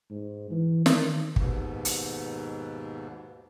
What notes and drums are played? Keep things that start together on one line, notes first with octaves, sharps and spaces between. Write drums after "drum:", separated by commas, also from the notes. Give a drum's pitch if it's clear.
G#2
E3
D#3, drum: snare
D#2 G#2 B2, drum: kick
drum: hi-hat